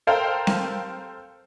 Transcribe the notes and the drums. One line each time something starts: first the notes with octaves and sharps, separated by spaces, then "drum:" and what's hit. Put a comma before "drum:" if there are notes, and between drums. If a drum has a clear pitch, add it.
A4 A#4 C5 F5 G5
drum: snare C4